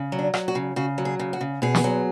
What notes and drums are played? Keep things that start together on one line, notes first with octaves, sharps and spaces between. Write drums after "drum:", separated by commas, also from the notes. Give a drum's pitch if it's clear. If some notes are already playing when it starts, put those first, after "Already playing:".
Already playing: C#3
F#3
D4
F#3, drum: rim click
F#4
C#3
C#3 F#4
F#3
G#4
C#3
F#4
C#3
B2 G#4
drum: snare
F#3